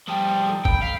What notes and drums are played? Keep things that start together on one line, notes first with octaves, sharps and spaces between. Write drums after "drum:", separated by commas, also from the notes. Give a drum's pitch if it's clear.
F3 G3 G5 A5 D#6
D#4 A4
G5 B5 G6, drum: kick
F5 B6